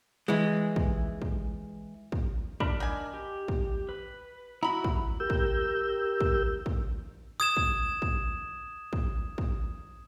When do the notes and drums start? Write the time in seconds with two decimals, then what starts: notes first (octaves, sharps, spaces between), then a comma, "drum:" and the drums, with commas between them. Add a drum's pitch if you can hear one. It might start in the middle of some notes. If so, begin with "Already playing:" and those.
0.28 E3 G#3
0.76 drum: kick
1.22 drum: kick
2.12 drum: kick
2.60 D4 A#4 B5, drum: kick
2.80 D#4 G#5
3.14 G4
3.48 drum: kick
3.89 B4
4.63 E4 F#4 A#5 B5
4.84 drum: kick
5.20 G4 A#4 E6 G6
5.30 drum: kick
6.21 drum: kick
6.66 drum: kick
7.40 D#6 G#6 E7
7.57 drum: kick
8.02 drum: kick
8.93 drum: kick
9.38 drum: kick